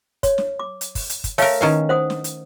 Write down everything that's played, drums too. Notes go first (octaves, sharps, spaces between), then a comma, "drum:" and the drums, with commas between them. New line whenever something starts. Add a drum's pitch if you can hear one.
C#5, drum: kick, hi-hat
drum: snare
D6
drum: hi-hat
drum: kick, open hi-hat
drum: hi-hat
drum: kick, hi-hat
A3 A#4 C#5 F5, drum: open hi-hat
D#3 C#4 D#4 E4 B4 F5
C5 F#5 D#6
drum: snare
drum: hi-hat